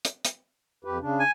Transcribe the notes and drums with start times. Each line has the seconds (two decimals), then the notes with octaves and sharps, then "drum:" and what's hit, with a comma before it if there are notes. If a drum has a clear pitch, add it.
0.05 drum: hi-hat
0.25 drum: hi-hat
0.85 F2 G4 B4
1.01 C#3 D4
1.20 G#5